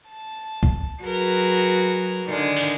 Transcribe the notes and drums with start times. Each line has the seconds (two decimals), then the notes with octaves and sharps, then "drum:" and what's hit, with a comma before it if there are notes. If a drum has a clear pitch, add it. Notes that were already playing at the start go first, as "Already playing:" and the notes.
0.10 A5
0.63 drum: kick B1
1.02 F#3 F#4 G#4 A#4 B4
2.26 D3 D#3 G#3 D4
2.57 drum: open hi-hat